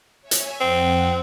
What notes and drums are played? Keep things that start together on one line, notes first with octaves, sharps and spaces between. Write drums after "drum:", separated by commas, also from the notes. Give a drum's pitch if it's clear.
C#5 E5 G#5
drum: hi-hat
F2 C4 F#5